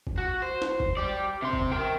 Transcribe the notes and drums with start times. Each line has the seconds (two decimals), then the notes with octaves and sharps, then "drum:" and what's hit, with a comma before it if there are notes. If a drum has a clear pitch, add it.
0.07 drum: kick
0.18 F#4
0.42 C5
0.62 drum: snare
0.80 drum: kick
0.97 G4 D5
1.42 C3 C6
1.53 drum: kick
1.72 A#4 G5